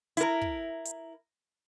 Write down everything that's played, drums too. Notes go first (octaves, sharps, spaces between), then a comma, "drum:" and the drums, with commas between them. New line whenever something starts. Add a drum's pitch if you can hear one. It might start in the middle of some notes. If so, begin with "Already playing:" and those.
E4 A#4, drum: hi-hat
drum: kick
drum: hi-hat